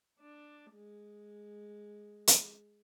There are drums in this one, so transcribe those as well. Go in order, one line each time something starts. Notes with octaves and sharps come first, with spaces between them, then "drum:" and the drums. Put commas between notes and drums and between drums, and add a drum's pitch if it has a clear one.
D4
G#3
drum: hi-hat